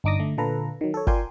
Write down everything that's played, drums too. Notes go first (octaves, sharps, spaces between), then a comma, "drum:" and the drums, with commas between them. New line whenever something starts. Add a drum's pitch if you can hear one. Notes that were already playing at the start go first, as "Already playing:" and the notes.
G1 D4 D#4 D6 D#6 A#6
D3 A3
A#2 D3 F4 A4 B4 A#5
D#3 F#3
A4 C#5
F4 A#4 D5 G5 G#5 C6, drum: kick G1